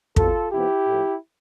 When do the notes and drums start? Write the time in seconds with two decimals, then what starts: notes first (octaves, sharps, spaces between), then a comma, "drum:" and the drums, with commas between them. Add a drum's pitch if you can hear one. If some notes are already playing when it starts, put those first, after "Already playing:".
0.16 B2 G3 C4 F4 A4, drum: kick
0.52 F2 C3 F3 B3 E4 G4
0.87 A2 F3 A3